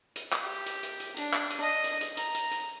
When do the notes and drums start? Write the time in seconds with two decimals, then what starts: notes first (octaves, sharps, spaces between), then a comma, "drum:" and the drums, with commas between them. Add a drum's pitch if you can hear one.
0.16 drum: hi-hat
0.32 drum: clap
0.44 G4
0.66 drum: hi-hat
0.83 drum: hi-hat
1.00 drum: hi-hat
1.17 D4, drum: hi-hat
1.33 drum: clap
1.50 drum: hi-hat
1.61 D#5
1.84 drum: hi-hat
2.01 drum: hi-hat
2.17 A#5, drum: hi-hat
2.34 drum: hi-hat
2.51 drum: hi-hat